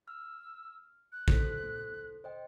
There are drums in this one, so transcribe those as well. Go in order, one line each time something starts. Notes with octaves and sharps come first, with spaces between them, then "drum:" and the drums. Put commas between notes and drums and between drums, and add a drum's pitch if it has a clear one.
E6 F6
F#6
A4 C5 B6, drum: kick A1
C5 D#5 G5